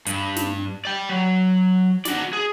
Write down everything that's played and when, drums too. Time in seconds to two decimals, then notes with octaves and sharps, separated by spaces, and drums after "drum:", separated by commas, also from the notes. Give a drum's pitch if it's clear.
0.06 G2, drum: hi-hat
0.36 drum: snare
0.85 D5 G5
1.09 F#3
2.05 F#4 D5, drum: snare
2.33 G#4